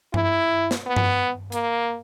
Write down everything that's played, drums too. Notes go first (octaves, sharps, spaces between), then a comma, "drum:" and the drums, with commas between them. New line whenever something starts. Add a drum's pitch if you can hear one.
E4, drum: tom G2
drum: snare
B3
drum: tom G2
A#3, drum: hi-hat